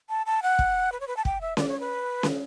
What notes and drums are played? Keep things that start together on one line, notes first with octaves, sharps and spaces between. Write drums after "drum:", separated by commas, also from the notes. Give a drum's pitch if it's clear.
A5
A5
F#5
drum: kick
B4
C#5
B4
A5
G5, drum: kick
E5
D5, drum: snare C#4
C#5
B4
drum: snare C#4